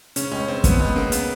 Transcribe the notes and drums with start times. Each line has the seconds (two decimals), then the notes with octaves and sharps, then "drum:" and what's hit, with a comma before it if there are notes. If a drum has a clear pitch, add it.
0.16 C#3 C#4, drum: hi-hat
0.32 C#2 C#4
0.48 C#3 C4
0.64 C#3 B3, drum: kick, hi-hat
0.80 C#2 B3
0.96 C#3 A#3
1.12 C#3 B3, drum: hi-hat